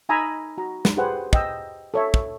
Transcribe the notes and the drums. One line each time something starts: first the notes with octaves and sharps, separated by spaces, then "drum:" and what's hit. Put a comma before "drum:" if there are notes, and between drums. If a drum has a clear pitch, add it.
D#4 G#5 A#5 B5 D#6 E6
F#4 A#5
drum: snare
G4 G#4 B4 C5 F#5 G#5
D#5 G5 E6, drum: kick
A4 C#5 E5
drum: kick